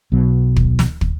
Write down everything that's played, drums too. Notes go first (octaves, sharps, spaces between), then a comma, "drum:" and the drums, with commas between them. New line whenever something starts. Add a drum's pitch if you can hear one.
B1 B2 F#3
drum: kick
drum: snare
drum: kick